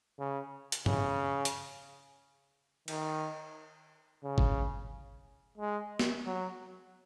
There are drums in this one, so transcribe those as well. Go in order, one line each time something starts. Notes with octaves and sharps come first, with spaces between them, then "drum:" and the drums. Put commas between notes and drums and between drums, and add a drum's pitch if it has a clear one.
C#3
drum: hi-hat
C#3, drum: tom
drum: hi-hat
D#3, drum: cymbal
C#3
drum: kick G1
G#3
drum: snare
F#3